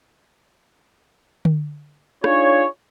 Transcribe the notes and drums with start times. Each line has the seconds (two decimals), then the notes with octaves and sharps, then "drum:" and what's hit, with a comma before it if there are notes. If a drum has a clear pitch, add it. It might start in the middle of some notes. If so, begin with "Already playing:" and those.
1.45 drum: tom D3
2.24 D4 D#4 F4 G#4 C#5, drum: rim click